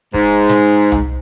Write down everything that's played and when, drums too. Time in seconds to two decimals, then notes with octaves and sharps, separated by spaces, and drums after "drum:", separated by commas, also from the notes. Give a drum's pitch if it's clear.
0.14 G#2, drum: kick
0.49 drum: snare
0.92 drum: tom C2